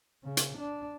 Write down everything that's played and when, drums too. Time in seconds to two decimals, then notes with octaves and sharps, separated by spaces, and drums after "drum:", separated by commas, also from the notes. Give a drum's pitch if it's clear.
0.23 C#3
0.37 drum: hi-hat
0.57 D4